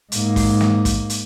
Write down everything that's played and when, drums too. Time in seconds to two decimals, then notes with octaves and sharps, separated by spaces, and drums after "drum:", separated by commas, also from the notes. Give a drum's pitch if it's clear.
0.12 G#2 A#3, drum: hi-hat
0.36 drum: kick, open hi-hat
0.61 drum: snare
0.85 drum: kick, hi-hat
1.10 drum: hi-hat